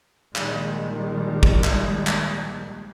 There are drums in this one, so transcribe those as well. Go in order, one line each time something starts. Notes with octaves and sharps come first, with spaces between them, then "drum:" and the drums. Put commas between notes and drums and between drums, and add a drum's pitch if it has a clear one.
A#1 D#3 G3 G#3, drum: clap
drum: kick
drum: clap
drum: clap